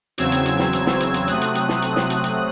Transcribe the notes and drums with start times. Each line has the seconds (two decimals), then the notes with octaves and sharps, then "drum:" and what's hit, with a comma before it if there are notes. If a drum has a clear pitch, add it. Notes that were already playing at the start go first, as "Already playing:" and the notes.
0.18 E2 C#3 F#3 C4 E6 G#6, drum: hi-hat
0.32 drum: hi-hat
0.45 drum: hi-hat
0.59 drum: snare
0.73 drum: hi-hat
0.86 drum: snare
1.00 drum: hi-hat
1.14 drum: hi-hat
1.27 C3 F#3 A3 C4 D#6 F#6, drum: hi-hat
1.41 drum: hi-hat
1.55 drum: hi-hat
1.69 drum: snare
1.82 D#6 F#6, drum: hi-hat
1.96 drum: snare
2.10 drum: hi-hat
2.23 drum: hi-hat